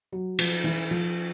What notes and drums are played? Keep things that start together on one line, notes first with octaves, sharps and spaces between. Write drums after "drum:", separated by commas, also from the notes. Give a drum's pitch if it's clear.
F#3
F3, drum: cymbal
E3
F3